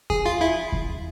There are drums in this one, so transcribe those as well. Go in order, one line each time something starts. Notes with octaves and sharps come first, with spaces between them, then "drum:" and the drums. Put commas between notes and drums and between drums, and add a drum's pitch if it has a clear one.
G#4 G#5, drum: kick E2
F4 F5
E4 E5
drum: kick E2